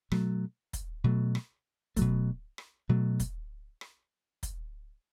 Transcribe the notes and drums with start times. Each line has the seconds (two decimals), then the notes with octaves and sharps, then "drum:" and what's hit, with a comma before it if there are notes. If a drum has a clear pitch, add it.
0.11 B2 F#3 A3, drum: rim click
0.73 drum: kick, hi-hat
1.04 B2 F#3 A3
1.35 drum: rim click
1.96 B2 F#3 A3, drum: kick, hi-hat
2.58 drum: rim click
2.89 B2 F#3 A3
3.20 drum: kick, hi-hat
3.81 drum: rim click
4.43 drum: kick, hi-hat